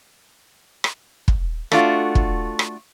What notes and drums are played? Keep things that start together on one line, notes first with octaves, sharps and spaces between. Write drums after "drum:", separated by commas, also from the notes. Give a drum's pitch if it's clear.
drum: rim click
drum: kick
A3 D4 F4 F#4, drum: rim click
drum: kick
drum: rim click